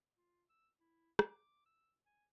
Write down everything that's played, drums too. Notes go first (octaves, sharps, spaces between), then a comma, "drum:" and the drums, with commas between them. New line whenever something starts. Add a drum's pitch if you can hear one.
F4
E6
E4
D6, drum: rim click
E6
G#5